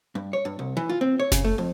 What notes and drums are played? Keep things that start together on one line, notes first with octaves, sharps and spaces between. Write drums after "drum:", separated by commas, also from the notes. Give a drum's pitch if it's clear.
G2
C#5
G2
C2
E3
F4
C4
C#5
C#3, drum: snare F#1
A3
F2